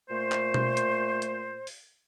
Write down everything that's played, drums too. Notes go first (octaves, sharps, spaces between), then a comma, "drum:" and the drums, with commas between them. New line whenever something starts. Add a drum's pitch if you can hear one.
A#2 A3 C5
drum: clap
drum: tom B2
drum: hi-hat
drum: hi-hat
drum: open hi-hat